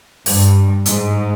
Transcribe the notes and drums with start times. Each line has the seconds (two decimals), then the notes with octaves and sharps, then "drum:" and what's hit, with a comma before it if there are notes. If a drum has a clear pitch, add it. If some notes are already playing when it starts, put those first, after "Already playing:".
0.26 G2, drum: open hi-hat
0.86 G#2, drum: hi-hat